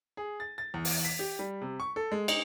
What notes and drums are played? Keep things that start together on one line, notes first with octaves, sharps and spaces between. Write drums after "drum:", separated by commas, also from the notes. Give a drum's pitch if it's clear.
G#4
A6
A6
E2
drum: open hi-hat
B6
G4
G3
C3
C#6
A4
G#3
D#4, drum: cymbal